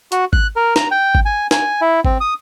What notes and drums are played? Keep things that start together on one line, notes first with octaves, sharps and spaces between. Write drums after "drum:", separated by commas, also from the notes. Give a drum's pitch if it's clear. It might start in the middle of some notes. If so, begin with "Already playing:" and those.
F#4, drum: hi-hat
F#6, drum: kick G#1
A#4
A#5, drum: snare
G5
drum: kick G#1
G#5
G#5, drum: snare
E4
C4, drum: kick G#1
D#6